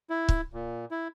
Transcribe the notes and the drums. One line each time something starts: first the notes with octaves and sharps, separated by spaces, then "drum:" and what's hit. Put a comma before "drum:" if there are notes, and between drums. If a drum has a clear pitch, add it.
E4
drum: kick C#1
A#2
E4